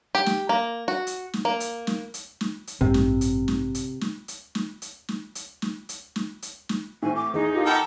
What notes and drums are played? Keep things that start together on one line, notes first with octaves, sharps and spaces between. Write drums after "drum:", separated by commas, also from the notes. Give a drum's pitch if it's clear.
G4
drum: snare
A#3
F#4
drum: hi-hat
drum: snare
A#3
drum: hi-hat
drum: snare
drum: hi-hat
drum: snare
drum: hi-hat
A1 G2 C3
drum: snare
drum: hi-hat
drum: snare
drum: hi-hat
drum: snare
drum: hi-hat
drum: snare
drum: hi-hat
drum: snare
drum: hi-hat
drum: snare
drum: hi-hat
drum: snare
drum: hi-hat
drum: snare
A2 E3 C4 G#5
D6
E2 D#4 G#4
F4 G4 A#4
A4 A#4 F#5 G5 B5 D6